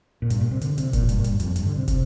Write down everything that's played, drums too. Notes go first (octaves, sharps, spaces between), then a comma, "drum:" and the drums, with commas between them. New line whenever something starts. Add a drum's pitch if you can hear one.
A#2
G2, drum: hi-hat
A#2
C3
D3, drum: hi-hat
C3, drum: hi-hat
A#2, drum: kick, hi-hat
F2
G2, drum: hi-hat
A#2
G2, drum: hi-hat
F2, drum: hi-hat
G2, drum: hi-hat
D3
C3
C3, drum: kick, hi-hat